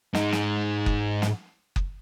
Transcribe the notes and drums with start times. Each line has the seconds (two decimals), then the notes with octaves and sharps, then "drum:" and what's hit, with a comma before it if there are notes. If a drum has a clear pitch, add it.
0.15 G#2 D#4, drum: snare
0.32 drum: snare
0.86 drum: kick F#1
1.22 drum: snare
1.76 drum: kick F#1